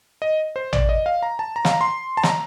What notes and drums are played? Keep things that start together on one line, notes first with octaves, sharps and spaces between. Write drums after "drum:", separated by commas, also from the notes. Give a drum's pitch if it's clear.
D#5
C5
D5, drum: tom A1
D#5
F5
A#5
A5
A#5
F5, drum: snare
A#5
C6
A5
A#5, drum: snare